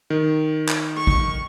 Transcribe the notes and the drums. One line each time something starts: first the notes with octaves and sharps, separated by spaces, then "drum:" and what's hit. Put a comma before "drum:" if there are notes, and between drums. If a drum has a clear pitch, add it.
D#3
drum: clap
C#6
drum: kick